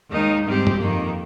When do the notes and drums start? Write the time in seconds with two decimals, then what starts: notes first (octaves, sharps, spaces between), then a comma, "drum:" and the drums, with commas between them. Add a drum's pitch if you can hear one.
0.10 D#2 D#3 G#3 D#4
0.45 G#2 G3 C4 G4
0.67 drum: tom G2
0.80 F2 D#3 A#3